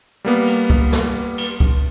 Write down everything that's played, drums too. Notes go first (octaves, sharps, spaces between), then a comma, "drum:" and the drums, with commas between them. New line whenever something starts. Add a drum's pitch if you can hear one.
G3 A#3 B3
drum: cymbal
drum: kick C#2
drum: snare
drum: cymbal
drum: kick C#2